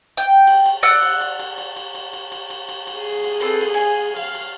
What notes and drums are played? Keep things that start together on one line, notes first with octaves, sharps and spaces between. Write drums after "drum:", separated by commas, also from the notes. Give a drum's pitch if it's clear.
G5
drum: cymbal
drum: cymbal
D5 F#5 E6 F#6, drum: cymbal
drum: cymbal
drum: cymbal
drum: cymbal
drum: cymbal
drum: cymbal
drum: cymbal
drum: cymbal
drum: cymbal
drum: cymbal
drum: cymbal
drum: cymbal
G#4
drum: cymbal
C4 A4 B4, drum: cymbal
drum: cymbal
G#5
F5, drum: cymbal
drum: cymbal